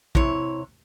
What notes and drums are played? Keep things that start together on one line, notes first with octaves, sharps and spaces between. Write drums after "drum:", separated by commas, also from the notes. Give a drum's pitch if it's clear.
C3 E4 C#5, drum: kick A#1